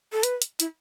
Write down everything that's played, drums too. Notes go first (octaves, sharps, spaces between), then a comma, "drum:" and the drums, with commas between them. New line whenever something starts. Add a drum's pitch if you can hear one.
A4
B4, drum: hi-hat
drum: hi-hat
E4, drum: hi-hat